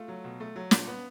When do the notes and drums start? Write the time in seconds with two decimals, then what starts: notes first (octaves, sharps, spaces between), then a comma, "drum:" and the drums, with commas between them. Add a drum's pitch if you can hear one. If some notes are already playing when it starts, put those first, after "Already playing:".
Already playing: A3 F4
0.08 F#3
0.24 B2
0.40 A3
0.56 F#3
0.71 A#2, drum: snare
0.87 B3